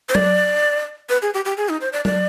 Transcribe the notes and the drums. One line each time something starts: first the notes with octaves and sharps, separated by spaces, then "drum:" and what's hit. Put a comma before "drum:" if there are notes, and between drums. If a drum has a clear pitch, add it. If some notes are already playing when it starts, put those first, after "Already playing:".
C5
D5, drum: tom F#3
B4
G#4
G4
G4
G#4
D#4
C5
D5
D5, drum: tom F#3